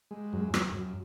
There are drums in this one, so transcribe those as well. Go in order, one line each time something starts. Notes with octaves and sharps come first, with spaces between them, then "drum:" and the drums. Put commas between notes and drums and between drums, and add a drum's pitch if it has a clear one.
G#3
F#2
F#2, drum: rim click
F#2